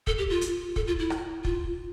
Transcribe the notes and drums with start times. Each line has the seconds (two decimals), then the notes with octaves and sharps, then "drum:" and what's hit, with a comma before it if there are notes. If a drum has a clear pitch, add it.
0.07 A4, drum: kick
0.18 G4
0.30 F4
0.41 drum: hi-hat
0.76 A4, drum: kick
0.87 F4
0.99 E4
1.10 drum: rim click
1.45 F4, drum: kick